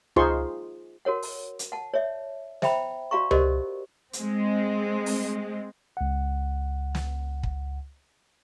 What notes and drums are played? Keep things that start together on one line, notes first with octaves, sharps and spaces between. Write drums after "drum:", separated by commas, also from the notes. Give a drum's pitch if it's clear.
D#4 F4 G#4 C5 C6 C#6, drum: tom C#2
F#4 A#4 C#5 F#5
drum: open hi-hat
drum: hi-hat
F#5 A5
C#5 D5 E5
C5 E5 G5 A#5 B5, drum: snare
F#4 D5 F5 A#5 C#6
F#4 G4 A#4 C5 D5 D#5, drum: tom C#2
G#3 C4, drum: hi-hat
drum: open hi-hat
C#2 F#5
drum: snare
drum: kick